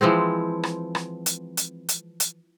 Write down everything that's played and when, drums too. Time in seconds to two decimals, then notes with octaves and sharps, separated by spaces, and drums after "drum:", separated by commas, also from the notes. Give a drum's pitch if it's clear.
0.01 E3 F3 G#3 C4
0.63 drum: rim click
0.95 drum: rim click
1.26 drum: hi-hat
1.57 drum: hi-hat
1.89 drum: hi-hat
2.20 drum: hi-hat